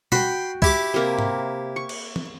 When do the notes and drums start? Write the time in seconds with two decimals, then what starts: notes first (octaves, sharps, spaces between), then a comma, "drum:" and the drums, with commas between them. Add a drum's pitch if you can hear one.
0.12 F#4 G5 B5 C6, drum: tom
0.62 E4 G4 D6, drum: kick
0.94 C3 A#3
1.19 drum: tom G#2
1.76 C#6
1.89 drum: cymbal
2.16 drum: tom E3